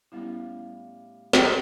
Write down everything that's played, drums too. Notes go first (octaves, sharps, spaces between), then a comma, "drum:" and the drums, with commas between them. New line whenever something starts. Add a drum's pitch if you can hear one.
A2 G3 B3 C#4 E4 F5
drum: snare